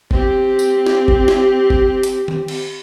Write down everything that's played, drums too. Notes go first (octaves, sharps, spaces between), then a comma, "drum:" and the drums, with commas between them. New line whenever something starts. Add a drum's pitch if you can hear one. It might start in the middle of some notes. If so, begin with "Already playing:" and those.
C4 G4, drum: kick F#1
drum: tambourine
drum: snare
drum: kick F#1
drum: snare
drum: kick F#1
drum: hi-hat
drum: tom D#3
drum: cymbal